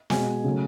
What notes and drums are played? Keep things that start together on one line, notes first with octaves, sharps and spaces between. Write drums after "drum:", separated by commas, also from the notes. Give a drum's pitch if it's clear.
B2 G#3 G#5, drum: snare
C#3 F#3 A3